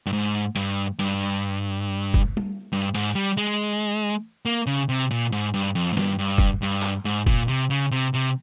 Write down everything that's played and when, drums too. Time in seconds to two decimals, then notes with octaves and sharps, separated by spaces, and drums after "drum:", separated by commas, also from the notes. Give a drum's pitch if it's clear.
0.06 G2
0.13 G#2
0.55 G2, drum: hi-hat
0.99 G2, drum: hi-hat
2.14 drum: kick
2.37 drum: tom G3
2.73 G2
2.94 G#2, drum: open hi-hat
3.15 G3
3.37 G#3
4.46 A#3
4.67 C#3
4.89 C3
5.11 A#2
5.32 G#2, drum: tambourine
5.54 G2
5.75 F2
5.93 G#2
5.97 G2, drum: snare
6.19 G2
6.38 drum: kick
6.62 G2
6.82 drum: clap
7.05 G#2
7.26 A#2, drum: kick
7.48 C3
7.70 C#3
7.91 C3
8.14 C3